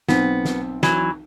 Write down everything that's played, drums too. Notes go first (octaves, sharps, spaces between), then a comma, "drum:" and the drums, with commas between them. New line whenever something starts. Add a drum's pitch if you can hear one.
B1 B3 C4, drum: snare
drum: snare
E3 F#3, drum: snare